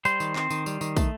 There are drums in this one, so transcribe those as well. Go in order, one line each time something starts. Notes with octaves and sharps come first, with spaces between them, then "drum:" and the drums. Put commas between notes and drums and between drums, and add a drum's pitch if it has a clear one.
G3 C5, drum: tambourine
D#3, drum: tambourine
C4, drum: clap
D#3, drum: tambourine
G3, drum: tambourine
D#3, drum: tambourine
A3, drum: kick, tambourine